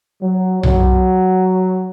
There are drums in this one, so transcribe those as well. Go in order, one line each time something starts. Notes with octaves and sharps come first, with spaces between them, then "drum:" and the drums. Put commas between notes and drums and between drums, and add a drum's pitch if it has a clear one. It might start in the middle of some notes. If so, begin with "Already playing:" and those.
F#3
F#3, drum: tom B1